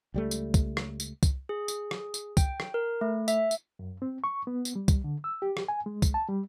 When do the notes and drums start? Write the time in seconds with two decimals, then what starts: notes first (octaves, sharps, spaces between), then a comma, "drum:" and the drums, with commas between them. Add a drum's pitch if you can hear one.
0.14 C#2 G3 A3
0.31 drum: tambourine
0.54 drum: kick C2, tambourine
0.77 drum: rim click
1.00 drum: tambourine
1.23 drum: kick C2, tambourine
1.49 G#4
1.68 drum: tambourine
1.91 drum: rim click
2.14 drum: tambourine
2.37 G5, drum: kick C2, tambourine
2.60 drum: rim click
2.74 A#4
3.01 A3
3.28 E5, drum: tambourine
3.51 drum: tambourine
3.79 F#2
4.02 C4
4.24 C#6
4.47 B3
4.65 drum: tambourine
4.76 G3
4.88 drum: kick C2, tambourine
5.04 D3
5.24 E6
5.42 G4
5.57 drum: rim click
5.68 G#5
5.86 G#3
6.02 drum: kick C2, tambourine
6.14 A5
6.29 G3